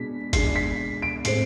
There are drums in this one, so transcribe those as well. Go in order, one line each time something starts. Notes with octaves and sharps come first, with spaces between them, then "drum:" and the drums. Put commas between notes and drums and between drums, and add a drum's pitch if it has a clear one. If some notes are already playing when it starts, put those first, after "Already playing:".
Already playing: B2 G#3 D4 B6
B2 G#3 D4 C7, drum: kick, hi-hat
B6
D7
A2 G#3 C4 C7, drum: hi-hat